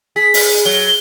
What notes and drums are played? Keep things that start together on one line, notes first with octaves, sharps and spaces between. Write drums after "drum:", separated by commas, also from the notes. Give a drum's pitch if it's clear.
G#4 B6
drum: open hi-hat
F#3 G7